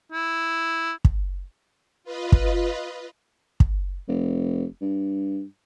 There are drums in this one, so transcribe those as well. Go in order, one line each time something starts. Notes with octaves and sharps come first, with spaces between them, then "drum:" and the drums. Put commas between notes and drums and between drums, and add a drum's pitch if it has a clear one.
E4
drum: kick
F4 B4 D#5
drum: kick
drum: kick
F1
G2